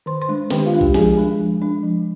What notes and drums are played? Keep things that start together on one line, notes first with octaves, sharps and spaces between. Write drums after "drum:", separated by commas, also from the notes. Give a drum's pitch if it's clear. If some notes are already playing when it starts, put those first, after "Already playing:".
D#3 C5 C6
C5 C6
G#3 D4
D#3 G4 G5, drum: snare
F4 F5
G#3 D4
G4 G5, drum: kick
F3 G#4 G#5, drum: snare
G#3 D4
F3
G#3 D4
F3